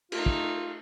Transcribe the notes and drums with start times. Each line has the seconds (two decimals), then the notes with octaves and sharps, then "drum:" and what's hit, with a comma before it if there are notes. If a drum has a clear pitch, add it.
0.12 A3 D#4 F4, drum: cymbal
0.26 drum: kick